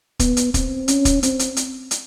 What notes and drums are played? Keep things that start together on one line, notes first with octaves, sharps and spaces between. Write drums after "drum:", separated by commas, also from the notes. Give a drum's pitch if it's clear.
B3, drum: kick, hi-hat
drum: hi-hat
C4, drum: kick, hi-hat
C#4, drum: hi-hat
drum: kick, hi-hat
C4, drum: hi-hat
drum: hi-hat
drum: hi-hat
drum: hi-hat